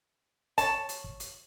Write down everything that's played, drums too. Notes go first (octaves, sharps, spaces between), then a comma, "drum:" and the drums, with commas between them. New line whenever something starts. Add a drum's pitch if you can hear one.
C#5 A5, drum: kick, hi-hat
drum: hi-hat
drum: kick
drum: hi-hat